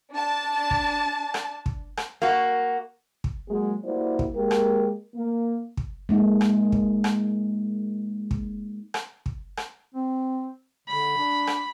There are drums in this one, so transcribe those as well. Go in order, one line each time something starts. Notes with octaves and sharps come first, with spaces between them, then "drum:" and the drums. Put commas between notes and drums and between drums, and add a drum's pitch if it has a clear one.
D4 A5
drum: kick
drum: rim click
drum: kick
drum: rim click
A#3 F#4
drum: kick
F#3 G#3 A#3 F#4 G#4
G3 A#3 E4 F#4 C5 D5
drum: kick
G#3 A#3 G4 A#4
drum: rim click
A#3
drum: kick
G#3 A#3 D#4
drum: rim click
drum: kick
drum: rim click
drum: kick
drum: rim click
drum: kick
drum: rim click
C4
D3 B5
D4
drum: rim click